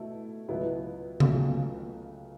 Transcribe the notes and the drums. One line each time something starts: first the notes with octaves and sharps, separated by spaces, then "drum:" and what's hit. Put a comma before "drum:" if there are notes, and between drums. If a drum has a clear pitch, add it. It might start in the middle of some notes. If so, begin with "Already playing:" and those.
Already playing: B2 A3 E4
C#2 B2 F#3 B3 E4
C#2 C#3 F#3 A3, drum: tom C#3